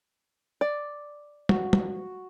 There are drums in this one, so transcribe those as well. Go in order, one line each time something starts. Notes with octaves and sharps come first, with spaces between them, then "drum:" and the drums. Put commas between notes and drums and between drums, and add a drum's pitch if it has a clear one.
D5
F#4, drum: tom
drum: tom